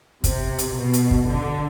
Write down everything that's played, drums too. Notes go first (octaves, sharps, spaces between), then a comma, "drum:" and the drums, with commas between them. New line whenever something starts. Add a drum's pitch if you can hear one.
C3, drum: kick, hi-hat
drum: hi-hat
B2
drum: hi-hat
drum: kick
D3